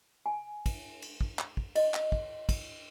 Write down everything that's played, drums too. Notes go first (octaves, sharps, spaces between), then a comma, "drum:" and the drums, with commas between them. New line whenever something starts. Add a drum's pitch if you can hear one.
G#5
drum: kick, cymbal
drum: cymbal
drum: kick
drum: clap
drum: kick
D#5, drum: cymbal
drum: clap
drum: kick
drum: kick, cymbal